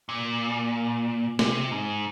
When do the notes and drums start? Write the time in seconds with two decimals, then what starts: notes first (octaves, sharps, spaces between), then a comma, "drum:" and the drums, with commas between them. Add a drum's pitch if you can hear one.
0.09 A#2
1.39 C3, drum: snare
1.71 G#2